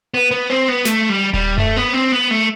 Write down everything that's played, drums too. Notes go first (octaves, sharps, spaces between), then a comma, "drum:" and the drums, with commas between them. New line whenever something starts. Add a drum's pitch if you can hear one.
B3
B3
C4
B3
A3, drum: snare
G3
G3, drum: kick D#1
A3, drum: tom F#2
B3
C4
B3
A3